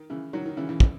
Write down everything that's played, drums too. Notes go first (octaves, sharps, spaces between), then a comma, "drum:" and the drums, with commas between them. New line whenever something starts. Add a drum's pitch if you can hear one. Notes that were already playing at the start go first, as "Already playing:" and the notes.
Already playing: D#3
C#3 E3
D#3 F#3
D#3
C#3 E3
C#3 E3
drum: kick